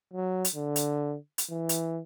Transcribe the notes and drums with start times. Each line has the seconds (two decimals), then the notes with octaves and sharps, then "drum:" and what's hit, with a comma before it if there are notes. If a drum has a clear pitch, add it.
0.13 F#3
0.45 drum: hi-hat
0.55 D3
0.76 drum: hi-hat
1.38 drum: hi-hat
1.51 E3
1.69 drum: hi-hat